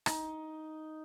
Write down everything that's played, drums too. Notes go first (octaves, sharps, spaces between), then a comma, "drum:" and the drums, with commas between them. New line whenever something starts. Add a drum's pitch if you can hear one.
D#4, drum: rim click